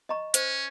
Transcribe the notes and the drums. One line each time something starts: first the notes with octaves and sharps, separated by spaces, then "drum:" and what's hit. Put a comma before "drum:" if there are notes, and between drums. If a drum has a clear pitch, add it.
D#5 A#5 C#6
C#4 C5, drum: hi-hat